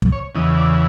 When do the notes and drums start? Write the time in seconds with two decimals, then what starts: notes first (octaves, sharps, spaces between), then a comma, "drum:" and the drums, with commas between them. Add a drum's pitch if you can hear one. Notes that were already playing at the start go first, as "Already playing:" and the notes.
0.02 drum: kick
0.12 C#5
0.35 E2 C#3 E3 D#5
0.58 D5